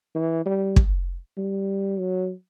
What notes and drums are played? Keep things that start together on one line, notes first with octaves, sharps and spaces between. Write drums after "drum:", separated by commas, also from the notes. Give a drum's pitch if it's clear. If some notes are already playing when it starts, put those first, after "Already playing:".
E3
G3
drum: kick
G3
F#3